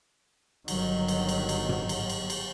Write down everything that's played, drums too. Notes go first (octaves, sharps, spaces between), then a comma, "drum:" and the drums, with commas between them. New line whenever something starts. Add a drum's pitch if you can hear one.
G1 D#3 F#3, drum: cymbal
drum: cymbal
drum: cymbal
drum: cymbal
drum: tom
drum: cymbal
drum: cymbal
drum: cymbal